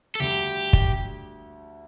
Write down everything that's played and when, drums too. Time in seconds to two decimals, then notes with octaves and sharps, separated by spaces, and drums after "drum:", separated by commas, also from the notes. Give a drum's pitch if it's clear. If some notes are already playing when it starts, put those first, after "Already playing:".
0.15 A4
0.20 D2 D3 G3 G4
0.73 drum: kick